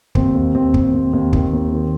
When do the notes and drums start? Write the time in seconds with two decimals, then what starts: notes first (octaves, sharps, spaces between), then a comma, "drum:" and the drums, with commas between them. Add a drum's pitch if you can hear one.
0.15 D#2 C4, drum: kick
0.35 D#2
0.54 D#2 C4
0.74 D#2, drum: kick
0.93 D#2
1.13 D#2
1.33 D#3, drum: kick
1.53 D#2
1.72 D#3